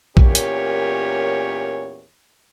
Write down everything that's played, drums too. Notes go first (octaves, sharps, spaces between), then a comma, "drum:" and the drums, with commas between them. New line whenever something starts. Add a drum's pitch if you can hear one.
E2 A#2 C#4 G4 A#4 C#5, drum: kick
drum: hi-hat